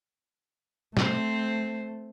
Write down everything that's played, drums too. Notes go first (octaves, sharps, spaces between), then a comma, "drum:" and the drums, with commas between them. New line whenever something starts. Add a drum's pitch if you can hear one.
A3 C4 C5, drum: snare